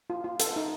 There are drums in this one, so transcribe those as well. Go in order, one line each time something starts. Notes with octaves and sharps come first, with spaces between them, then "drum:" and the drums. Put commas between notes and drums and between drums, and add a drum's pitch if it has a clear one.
F4
F4
A4, drum: hi-hat
D#4